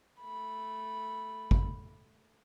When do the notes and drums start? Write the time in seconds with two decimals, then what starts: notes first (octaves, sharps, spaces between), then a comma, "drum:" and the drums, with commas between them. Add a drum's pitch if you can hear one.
0.21 A3 B5
1.51 drum: kick G1